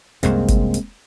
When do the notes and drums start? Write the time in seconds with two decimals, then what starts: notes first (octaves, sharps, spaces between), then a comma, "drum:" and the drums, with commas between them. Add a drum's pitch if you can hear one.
0.23 C2 F#2 C3 G#3 A#3 C4, drum: hi-hat
0.48 drum: kick, hi-hat
0.74 drum: hi-hat